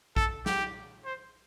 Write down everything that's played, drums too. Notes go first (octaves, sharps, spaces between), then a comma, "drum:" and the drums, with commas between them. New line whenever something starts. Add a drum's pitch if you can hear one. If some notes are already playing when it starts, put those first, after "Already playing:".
A4, drum: kick A1
G4, drum: snare
C5